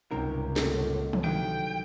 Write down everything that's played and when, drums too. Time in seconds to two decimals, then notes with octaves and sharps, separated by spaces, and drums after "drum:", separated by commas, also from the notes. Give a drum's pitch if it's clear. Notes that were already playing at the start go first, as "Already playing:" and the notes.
0.11 C#2 G2 C3 D#3 A#4 G5
0.56 A#2 D3 A3, drum: snare
1.13 drum: tom
1.24 C2 D3 D#3 F#3 G5